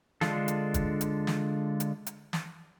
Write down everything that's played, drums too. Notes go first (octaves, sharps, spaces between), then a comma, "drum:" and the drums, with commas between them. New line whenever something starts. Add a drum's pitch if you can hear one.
D3 G#3 D4 F4 A4, drum: snare
drum: hi-hat
drum: kick, hi-hat
drum: hi-hat
drum: snare
drum: hi-hat
drum: hi-hat
drum: snare